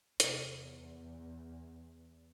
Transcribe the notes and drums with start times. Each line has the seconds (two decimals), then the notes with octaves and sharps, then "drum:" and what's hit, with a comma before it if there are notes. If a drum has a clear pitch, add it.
0.20 E2 C3 A#3, drum: hi-hat